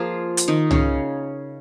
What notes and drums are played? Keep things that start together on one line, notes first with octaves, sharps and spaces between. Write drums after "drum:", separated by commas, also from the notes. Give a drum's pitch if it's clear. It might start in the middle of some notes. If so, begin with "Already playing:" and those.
Already playing: F3 A#3 F4 G#4
drum: hi-hat
D#3 D#4
C#3 C#4, drum: tom C2